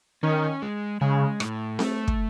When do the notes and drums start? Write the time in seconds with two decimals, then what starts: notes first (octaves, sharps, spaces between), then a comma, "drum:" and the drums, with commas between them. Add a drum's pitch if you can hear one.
0.23 D#3 C#4
0.62 G#3
1.01 C#3 G#3
1.40 A2, drum: rim click
1.79 A3, drum: snare C4
2.08 drum: kick